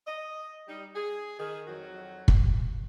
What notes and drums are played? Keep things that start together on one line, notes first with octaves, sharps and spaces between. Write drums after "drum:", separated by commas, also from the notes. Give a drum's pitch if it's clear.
D#5
G3 D#4
G#4
D#3 G#4
F2 D#3 F#3 F#4
drum: kick